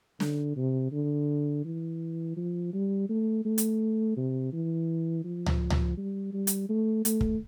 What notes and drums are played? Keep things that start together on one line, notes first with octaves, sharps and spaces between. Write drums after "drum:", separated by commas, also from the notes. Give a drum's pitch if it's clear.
D3, drum: snare
C3
D3
E3
F3
G3
A3
A3
drum: hi-hat
C3
E3
F3
drum: tom C#2
drum: tom C#2
G3
G3
drum: hi-hat
A3
A3, drum: hi-hat
drum: kick